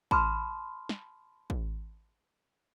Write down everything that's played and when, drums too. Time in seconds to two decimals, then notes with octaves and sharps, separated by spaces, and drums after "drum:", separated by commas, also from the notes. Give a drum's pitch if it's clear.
0.11 A5 B5 C6 D6 F6, drum: kick
0.89 drum: snare
1.50 drum: kick